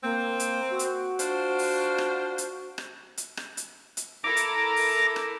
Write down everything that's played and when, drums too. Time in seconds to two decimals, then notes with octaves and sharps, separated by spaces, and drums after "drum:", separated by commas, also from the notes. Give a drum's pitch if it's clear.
0.03 A#3 C4
0.40 drum: hi-hat
0.70 F#4
0.79 drum: hi-hat
1.19 D4 F4 C5, drum: hi-hat
1.59 drum: open hi-hat
1.98 drum: rim click
2.38 drum: hi-hat
2.78 drum: rim click
3.17 drum: hi-hat
3.37 drum: rim click
3.57 drum: hi-hat
3.97 drum: hi-hat
4.24 E4 A4 A#4 A#5 D6
4.37 drum: hi-hat
4.76 drum: open hi-hat
5.16 drum: rim click